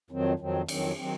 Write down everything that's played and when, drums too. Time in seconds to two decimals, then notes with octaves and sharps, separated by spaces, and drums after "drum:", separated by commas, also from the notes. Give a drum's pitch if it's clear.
0.11 F2 D#3 F#3 C4
0.39 F2 D#3 F#3 C4
0.68 F2 D#3 F#3 C4, drum: cymbal
0.97 D#3 F#3 C4